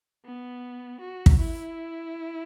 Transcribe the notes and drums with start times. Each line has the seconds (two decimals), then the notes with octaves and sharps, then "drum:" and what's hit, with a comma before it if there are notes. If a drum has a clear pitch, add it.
0.25 B3
1.01 F#4
1.26 drum: kick
1.38 E4